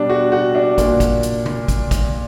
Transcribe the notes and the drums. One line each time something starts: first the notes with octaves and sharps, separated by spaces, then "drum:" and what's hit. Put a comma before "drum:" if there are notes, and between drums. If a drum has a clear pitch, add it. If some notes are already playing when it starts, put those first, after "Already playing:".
Already playing: B2 G3 D4
F#4
F#4
D4
A#2, drum: kick, hi-hat
drum: kick, hi-hat
drum: hi-hat
drum: tom C3
drum: kick, hi-hat
drum: kick, hi-hat